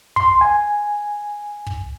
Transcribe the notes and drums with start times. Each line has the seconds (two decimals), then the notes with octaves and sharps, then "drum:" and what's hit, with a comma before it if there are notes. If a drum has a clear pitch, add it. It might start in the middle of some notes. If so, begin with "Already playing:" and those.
0.16 C6, drum: kick
0.41 G#5
1.67 drum: kick